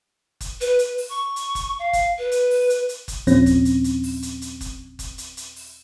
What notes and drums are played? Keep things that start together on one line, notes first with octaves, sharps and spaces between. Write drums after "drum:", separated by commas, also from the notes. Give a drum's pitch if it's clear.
drum: kick F#1, hi-hat
B4, drum: hi-hat
drum: hi-hat
drum: open hi-hat
C#6
drum: hi-hat
drum: kick F#1, hi-hat
F5
drum: kick F#1, hi-hat
B4
drum: hi-hat
drum: open hi-hat
drum: hi-hat
drum: hi-hat
drum: kick F#1, hi-hat
D#2 A#2 F3 C4 C#4 A#6, drum: hi-hat
drum: kick F#1, hi-hat
drum: hi-hat
drum: hi-hat
drum: open hi-hat
drum: hi-hat
drum: hi-hat
drum: kick F#1, hi-hat
drum: kick F#1, hi-hat
drum: hi-hat
drum: hi-hat
drum: open hi-hat